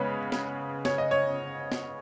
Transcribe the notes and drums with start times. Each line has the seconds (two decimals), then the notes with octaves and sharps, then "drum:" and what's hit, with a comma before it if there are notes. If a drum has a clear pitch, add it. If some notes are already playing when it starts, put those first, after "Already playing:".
Already playing: C#3 G#3 B3 B4 C#5
0.32 drum: snare
0.85 C#5, drum: snare
0.98 D#5
1.11 C#5
1.72 drum: snare